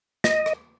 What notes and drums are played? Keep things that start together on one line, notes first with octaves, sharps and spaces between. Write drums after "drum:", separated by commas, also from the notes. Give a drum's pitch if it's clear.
D#5, drum: snare
drum: rim click